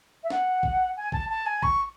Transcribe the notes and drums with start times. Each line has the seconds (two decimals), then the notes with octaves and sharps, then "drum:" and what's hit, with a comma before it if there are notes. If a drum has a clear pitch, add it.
0.23 E5
0.30 F#5, drum: snare
0.63 drum: kick A1
0.96 G#5
1.12 A5, drum: kick A1
1.29 A5
1.46 G#5
1.63 C#6, drum: kick A1